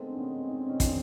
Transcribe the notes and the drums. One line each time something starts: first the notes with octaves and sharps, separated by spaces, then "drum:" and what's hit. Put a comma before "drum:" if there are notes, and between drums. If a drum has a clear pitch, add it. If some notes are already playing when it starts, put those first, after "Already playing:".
Already playing: D#3 G#3 A3 B3 C4
D4
B3 C#4
D#4
D4
C#4 D#4
D4 E4, drum: kick, hi-hat